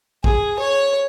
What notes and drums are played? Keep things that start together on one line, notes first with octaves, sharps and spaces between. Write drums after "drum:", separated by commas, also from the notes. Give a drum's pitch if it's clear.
G#4, drum: kick
C#5